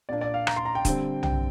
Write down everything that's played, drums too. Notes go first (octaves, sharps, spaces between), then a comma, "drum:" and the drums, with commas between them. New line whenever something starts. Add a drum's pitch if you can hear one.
A#2 A#3 D4 D5
D5
F5
A#5, drum: rim click
C6
A#5
G5
D3 G3 C4, drum: kick, hi-hat
G5, drum: tom